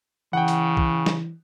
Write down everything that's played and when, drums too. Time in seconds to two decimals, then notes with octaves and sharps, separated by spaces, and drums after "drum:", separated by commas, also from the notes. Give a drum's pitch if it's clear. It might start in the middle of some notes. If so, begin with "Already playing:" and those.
0.33 C#3 E3 F#5 G5
0.48 drum: hi-hat
0.77 drum: kick
1.06 drum: snare